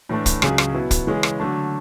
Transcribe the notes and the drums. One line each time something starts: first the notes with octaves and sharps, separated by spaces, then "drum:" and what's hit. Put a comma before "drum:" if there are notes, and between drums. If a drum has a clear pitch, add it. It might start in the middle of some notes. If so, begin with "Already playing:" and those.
A2 E3 A3 D4
drum: kick, hi-hat
C#2 C#3 F#3 C#4 G#4, drum: rim click
drum: rim click
B2 F#3 B3 E4
drum: kick, hi-hat
C#3 E3 G#3 C#4 G#4
drum: rim click
D3 F#3 A3 D4